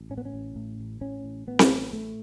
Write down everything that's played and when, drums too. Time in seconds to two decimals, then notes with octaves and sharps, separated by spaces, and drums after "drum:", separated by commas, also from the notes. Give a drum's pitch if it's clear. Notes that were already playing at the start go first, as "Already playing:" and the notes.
Already playing: A1
0.10 A2 C#4
0.18 B3
0.25 C#4
0.34 A1
0.56 A2
0.79 A1
1.01 A2 C#4
1.24 A1
1.47 A2 B3
1.59 drum: snare C4
1.69 A1
1.93 A2 A3